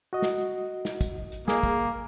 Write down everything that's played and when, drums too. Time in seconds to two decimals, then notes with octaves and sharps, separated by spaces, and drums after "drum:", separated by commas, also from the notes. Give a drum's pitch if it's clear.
0.13 F#4 D#5
0.22 drum: snare
0.38 drum: hi-hat
0.85 drum: snare
1.01 drum: kick, hi-hat
1.32 drum: hi-hat
1.48 A#3 G#4, drum: snare
1.63 drum: kick, hi-hat